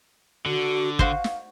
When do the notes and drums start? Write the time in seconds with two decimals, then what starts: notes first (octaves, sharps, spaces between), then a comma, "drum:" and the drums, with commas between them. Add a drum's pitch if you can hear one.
0.46 D3 F#4
0.99 F#4 C5 F5, drum: kick
1.24 drum: snare